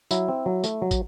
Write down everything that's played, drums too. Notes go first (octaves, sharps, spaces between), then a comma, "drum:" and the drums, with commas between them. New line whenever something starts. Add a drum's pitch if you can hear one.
F#3 E4, drum: tambourine
C4
F#3
A3, drum: tambourine
F#3
drum: kick, tambourine